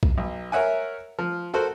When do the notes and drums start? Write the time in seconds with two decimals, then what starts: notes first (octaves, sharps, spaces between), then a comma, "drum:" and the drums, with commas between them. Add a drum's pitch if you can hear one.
0.03 drum: kick B1
0.18 B1
0.52 A#4 C#5 E5 F#5 G#5
1.19 F3
1.54 F#4 A4 A#4 C5 F#5